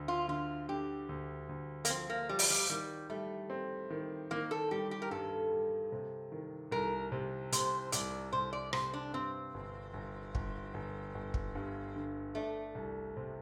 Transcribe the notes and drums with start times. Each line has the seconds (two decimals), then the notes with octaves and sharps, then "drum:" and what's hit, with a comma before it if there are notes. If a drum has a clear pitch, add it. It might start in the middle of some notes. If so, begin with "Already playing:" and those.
Already playing: D2 D3
0.08 F4
0.28 D3 F4
0.69 D3 G4
1.09 D2
1.49 D2
1.85 A#3, drum: hi-hat
1.90 F3 C4
2.10 A#3
2.29 F3 G3
2.39 drum: open hi-hat
2.50 G3
2.70 D#3 G3
3.10 G3 A3
3.50 C4
3.90 D#3
4.31 D#3 A#3
4.51 A4
4.71 G3 G4
4.91 G4
5.02 A#4
5.11 G2 A4
5.52 G3
5.92 C3
6.32 D#3
6.72 C2 A#4
7.12 C3
7.52 C3 C5, drum: hi-hat
7.92 C2 D5, drum: hi-hat
8.32 C2 C5
8.53 D5
8.73 C3 C5, drum: rim click
8.94 D4
9.13 G2 C4
9.54 G1
9.93 G1
10.35 G1, drum: kick
10.74 G1
11.15 G1
11.34 drum: kick
11.55 G2
11.96 D3
12.35 A3 D4
12.75 C2
13.17 C3